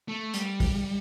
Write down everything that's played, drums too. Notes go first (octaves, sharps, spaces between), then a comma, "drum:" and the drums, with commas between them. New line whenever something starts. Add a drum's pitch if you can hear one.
A3
G3, drum: hi-hat
drum: kick, open hi-hat